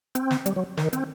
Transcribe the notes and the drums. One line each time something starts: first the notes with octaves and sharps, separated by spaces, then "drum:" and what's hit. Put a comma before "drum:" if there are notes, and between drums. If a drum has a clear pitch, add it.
C4, drum: hi-hat
drum: snare
G3, drum: hi-hat
F#3
D#3, drum: snare
C4, drum: hi-hat